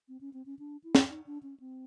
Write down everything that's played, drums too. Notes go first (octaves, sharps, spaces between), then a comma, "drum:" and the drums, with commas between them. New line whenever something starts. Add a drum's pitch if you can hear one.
C4
C#4
C4
C#4
D4
E4
drum: snare
D#4
D4
C#4
C4